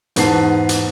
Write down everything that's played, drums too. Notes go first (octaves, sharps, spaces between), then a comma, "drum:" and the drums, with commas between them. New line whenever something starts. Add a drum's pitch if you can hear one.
E2 G#2 B3 F#5 A5 C7, drum: hi-hat
drum: hi-hat